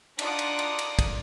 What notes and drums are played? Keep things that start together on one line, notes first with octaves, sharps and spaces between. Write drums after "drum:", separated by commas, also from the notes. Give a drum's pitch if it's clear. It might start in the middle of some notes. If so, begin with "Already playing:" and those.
D4 D#4 F4 F#5 D6 D#6, drum: cymbal
drum: cymbal
drum: cymbal
drum: cymbal
drum: kick, cymbal